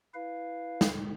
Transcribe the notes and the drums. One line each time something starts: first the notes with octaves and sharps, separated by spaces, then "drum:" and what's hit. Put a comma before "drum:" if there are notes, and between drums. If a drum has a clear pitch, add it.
E4 B4 F5
drum: snare